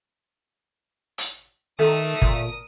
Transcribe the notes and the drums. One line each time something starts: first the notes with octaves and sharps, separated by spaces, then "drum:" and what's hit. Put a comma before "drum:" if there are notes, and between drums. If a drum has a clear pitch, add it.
drum: hi-hat
D#3 A3 A4 A#4 D#6
A#2, drum: kick